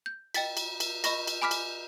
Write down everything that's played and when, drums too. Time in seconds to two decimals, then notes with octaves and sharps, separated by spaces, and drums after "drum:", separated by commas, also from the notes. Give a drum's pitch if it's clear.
0.06 G6
0.34 D#5 G5 A6 B6, drum: cymbal
0.57 drum: cymbal
0.80 drum: cymbal
1.04 D#5 B5 C#6 A#6, drum: cymbal
1.27 drum: cymbal
1.42 G#5 B5 D6 F6 B6
1.51 drum: cymbal